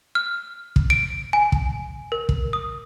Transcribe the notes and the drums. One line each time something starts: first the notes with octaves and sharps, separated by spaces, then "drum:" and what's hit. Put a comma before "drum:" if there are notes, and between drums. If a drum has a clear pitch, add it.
F6
drum: kick
D7
G#5
drum: kick
A#4
drum: kick
D#6